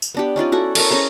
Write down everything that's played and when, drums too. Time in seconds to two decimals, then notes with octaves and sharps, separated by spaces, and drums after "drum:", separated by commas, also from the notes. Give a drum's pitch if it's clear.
0.02 drum: tambourine
0.15 B3 D4 G4
0.36 C#4 D#4 F4 D5
0.52 E4 F#4 A4
0.75 A4 A#4 C#5, drum: cymbal
0.90 C#4 G#4 C5 A#5